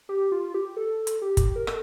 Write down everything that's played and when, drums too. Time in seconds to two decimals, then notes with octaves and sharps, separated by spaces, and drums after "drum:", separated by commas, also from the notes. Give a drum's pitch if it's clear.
0.09 G4
0.32 F4
0.54 G4
0.77 A4
1.07 drum: hi-hat
1.22 G4
1.37 drum: kick F#1, hi-hat
1.56 A#4
1.67 A4, drum: rim click